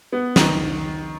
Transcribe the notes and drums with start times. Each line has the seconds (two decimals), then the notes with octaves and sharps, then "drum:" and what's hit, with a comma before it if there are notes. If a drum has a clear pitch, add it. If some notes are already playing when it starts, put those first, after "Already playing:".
0.12 B3
0.36 D#3, drum: snare